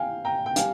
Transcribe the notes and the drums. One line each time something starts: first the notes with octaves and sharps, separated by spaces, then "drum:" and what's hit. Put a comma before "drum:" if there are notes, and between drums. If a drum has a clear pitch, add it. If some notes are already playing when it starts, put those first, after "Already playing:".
Already playing: F5 G5 G#5
G5 A#5
G5
G3 F5 G#5, drum: hi-hat